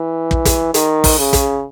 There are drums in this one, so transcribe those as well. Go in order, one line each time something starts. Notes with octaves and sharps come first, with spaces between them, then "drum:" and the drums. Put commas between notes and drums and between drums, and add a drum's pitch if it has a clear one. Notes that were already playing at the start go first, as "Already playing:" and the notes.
Already playing: E3
drum: kick
drum: kick, hi-hat
D#3, drum: hi-hat
drum: kick, open hi-hat
C#3
drum: kick, hi-hat